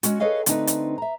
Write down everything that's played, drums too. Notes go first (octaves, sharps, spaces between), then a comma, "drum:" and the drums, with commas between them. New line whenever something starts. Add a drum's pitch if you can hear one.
G#3 C#4 F#4, drum: hi-hat
G#4 A4 B4 C#5 D#5 F5
D3 A3 C4 D4 D#4 B4, drum: hi-hat
drum: hi-hat
E5 A#5